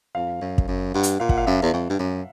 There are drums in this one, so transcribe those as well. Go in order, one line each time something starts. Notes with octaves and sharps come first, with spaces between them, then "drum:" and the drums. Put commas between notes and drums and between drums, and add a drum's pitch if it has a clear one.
F2 F5
F#2
drum: kick
F#2
G2 F#5
drum: hi-hat
A#2 F5
F#5, drum: kick
F5
F#2 E5
E2
F2
G2
F#2